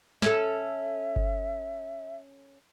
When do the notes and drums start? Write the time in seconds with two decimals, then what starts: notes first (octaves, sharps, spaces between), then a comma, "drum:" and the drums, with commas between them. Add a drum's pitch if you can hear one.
0.22 C#4 A4 E5, drum: snare
1.16 drum: kick G1